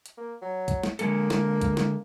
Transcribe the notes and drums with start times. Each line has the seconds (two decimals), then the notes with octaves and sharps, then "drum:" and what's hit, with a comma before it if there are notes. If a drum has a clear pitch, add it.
0.06 drum: hi-hat
0.18 A#3
0.41 F#3
0.68 drum: kick, hi-hat
0.84 drum: snare
0.99 D3 G#3 A#3 A4, drum: hi-hat
1.30 drum: snare
1.61 drum: kick, hi-hat
1.77 drum: snare